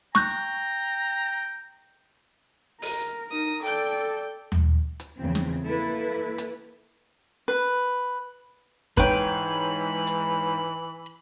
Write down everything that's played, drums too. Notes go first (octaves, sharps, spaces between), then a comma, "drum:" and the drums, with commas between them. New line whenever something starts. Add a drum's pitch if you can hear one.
G5 A#5 C#6 F#6 G6, drum: snare
A#4, drum: open hi-hat
D#4 A#4 D#6
A4 D5 G5 G6
drum: tom D#2
drum: hi-hat
E2 C#3 F3 C4
drum: snare
A#3 E4 A4 B4
drum: hi-hat
B4
G#2 E3 B4 C#5 G5 B5, drum: kick
drum: hi-hat